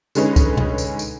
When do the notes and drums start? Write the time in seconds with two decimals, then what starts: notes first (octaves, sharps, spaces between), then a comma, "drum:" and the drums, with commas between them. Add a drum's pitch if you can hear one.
0.15 D3 G#3 C#4 D#4 B4, drum: tambourine
0.36 drum: kick C#2, tambourine
0.57 drum: tom
0.78 drum: tambourine
0.99 drum: tambourine